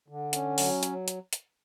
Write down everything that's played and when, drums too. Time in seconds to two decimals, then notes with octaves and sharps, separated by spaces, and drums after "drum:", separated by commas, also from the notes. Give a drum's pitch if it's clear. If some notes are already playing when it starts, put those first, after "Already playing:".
0.08 D3
0.33 C#4, drum: hi-hat
0.58 F#3, drum: open hi-hat
0.83 drum: hi-hat
1.08 drum: hi-hat
1.33 drum: hi-hat